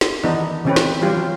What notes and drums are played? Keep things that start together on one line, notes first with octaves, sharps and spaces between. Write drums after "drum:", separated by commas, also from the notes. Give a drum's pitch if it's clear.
drum: snare
D#3 E3 B3 D4 D#4
C#3 E3 C4 C#4 G4 B4
drum: snare
E3 F#3 G3 F4 G4
F#3